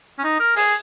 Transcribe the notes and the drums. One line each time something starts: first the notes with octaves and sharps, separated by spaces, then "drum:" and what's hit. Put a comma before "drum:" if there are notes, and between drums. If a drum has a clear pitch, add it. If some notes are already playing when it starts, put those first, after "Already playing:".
C#4
D#4
A#4
G#4, drum: open hi-hat